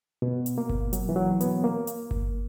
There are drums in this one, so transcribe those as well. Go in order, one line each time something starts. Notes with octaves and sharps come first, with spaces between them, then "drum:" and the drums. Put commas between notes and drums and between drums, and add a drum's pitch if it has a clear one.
B2
drum: hi-hat
A#3
drum: kick G1
F#3, drum: hi-hat
E3
F#3
B3, drum: hi-hat
A#3
drum: hi-hat
drum: kick G1